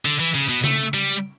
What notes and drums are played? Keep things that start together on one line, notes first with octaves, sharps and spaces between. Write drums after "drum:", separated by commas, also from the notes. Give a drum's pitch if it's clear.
D3
E3
C#3
B2
A3, drum: tom C#3
G3